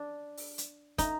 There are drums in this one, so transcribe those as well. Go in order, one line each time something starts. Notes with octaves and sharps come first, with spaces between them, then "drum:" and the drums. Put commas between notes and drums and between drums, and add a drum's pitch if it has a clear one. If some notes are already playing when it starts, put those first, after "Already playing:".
Already playing: D4
drum: open hi-hat
drum: hi-hat
D#4, drum: kick, hi-hat